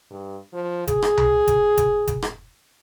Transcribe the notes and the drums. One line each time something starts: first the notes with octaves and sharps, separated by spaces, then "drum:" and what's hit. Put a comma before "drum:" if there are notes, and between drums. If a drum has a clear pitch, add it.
G2
F3
G#4, drum: kick F1, hi-hat
drum: rim click
drum: tom C2
drum: kick F1, hi-hat
drum: kick F1, hi-hat
drum: kick F1, hi-hat
drum: rim click